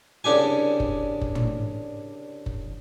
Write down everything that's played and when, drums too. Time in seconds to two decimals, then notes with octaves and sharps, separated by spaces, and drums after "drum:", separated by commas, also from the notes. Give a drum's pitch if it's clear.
0.24 C2 C#3 D4 G4 G#5
0.80 drum: kick F#1
1.21 drum: kick F#1
1.35 drum: tom
2.46 drum: kick F#1